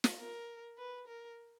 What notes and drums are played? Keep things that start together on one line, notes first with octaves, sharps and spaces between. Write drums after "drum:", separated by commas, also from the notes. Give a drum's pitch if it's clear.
drum: snare
A#4
B4
A#4